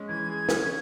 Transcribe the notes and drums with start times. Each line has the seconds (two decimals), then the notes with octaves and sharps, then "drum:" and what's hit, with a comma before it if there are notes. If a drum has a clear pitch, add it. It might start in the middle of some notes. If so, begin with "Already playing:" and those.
Already playing: G#3 C#4
0.08 E3 G#6
0.29 G#4
0.49 C#4, drum: snare